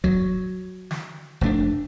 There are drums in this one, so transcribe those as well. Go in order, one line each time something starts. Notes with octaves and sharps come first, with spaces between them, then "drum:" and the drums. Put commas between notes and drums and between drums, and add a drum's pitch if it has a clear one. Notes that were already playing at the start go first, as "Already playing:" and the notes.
F#3, drum: kick F1
drum: snare
F1 A3 D4